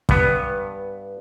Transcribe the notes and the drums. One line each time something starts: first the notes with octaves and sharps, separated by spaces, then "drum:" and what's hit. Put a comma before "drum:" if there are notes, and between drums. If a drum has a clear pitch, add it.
G2 B3, drum: kick